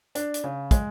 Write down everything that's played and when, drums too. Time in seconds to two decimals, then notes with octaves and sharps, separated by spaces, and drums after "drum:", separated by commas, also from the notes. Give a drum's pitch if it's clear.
0.15 D4, drum: hi-hat
0.34 drum: hi-hat
0.44 C#3
0.71 G#3, drum: kick, hi-hat